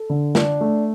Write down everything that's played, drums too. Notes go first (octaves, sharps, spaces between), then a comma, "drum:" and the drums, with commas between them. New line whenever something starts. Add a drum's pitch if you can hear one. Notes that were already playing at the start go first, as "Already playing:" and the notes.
Already playing: A4
D3
D4, drum: snare
A3